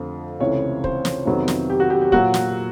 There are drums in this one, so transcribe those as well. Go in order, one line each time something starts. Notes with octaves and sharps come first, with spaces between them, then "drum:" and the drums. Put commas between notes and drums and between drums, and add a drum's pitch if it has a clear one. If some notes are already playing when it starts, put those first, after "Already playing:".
Already playing: F2 D3 F3 A3
C#2 C3 E3 A3 C#5
C5, drum: kick
drum: snare
F2 C3 D#3 F#3 B3
drum: snare
G4
F#4
G4
G4
A#2 F#3 A#3 F#4, drum: kick
drum: snare